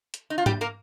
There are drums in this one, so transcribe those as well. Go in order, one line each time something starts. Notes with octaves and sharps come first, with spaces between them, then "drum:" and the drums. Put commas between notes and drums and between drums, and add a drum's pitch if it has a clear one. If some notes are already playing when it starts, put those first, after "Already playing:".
drum: hi-hat
D#4
F4
G3 G4, drum: tom G#2
A#3 A#4